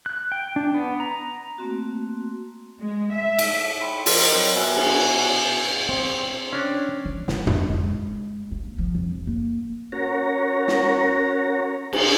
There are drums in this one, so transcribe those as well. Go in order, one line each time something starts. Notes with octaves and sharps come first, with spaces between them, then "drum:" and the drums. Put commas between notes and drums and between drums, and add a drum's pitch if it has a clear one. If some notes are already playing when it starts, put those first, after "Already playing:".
F#6
G5
D4
B3
A#5
A3 A#3 C4 F#4
G#3
E5
drum: cymbal
G5 B5 C6
F3 A#4 D#5, drum: open hi-hat
F#3 C4 C#5
B2 E5 G#5
drum: cymbal
C4
C#4 D4
E3
D3, drum: snare
F2, drum: tom
G#3
A#3
F3
F2
A#3
C#4 F#4 A#4 C#5 A#5
drum: snare
drum: cymbal